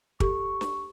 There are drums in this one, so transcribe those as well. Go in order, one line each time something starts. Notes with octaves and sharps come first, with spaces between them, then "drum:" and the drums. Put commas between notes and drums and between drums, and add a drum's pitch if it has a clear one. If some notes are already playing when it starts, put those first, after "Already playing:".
G4 A4 C#6, drum: kick
drum: snare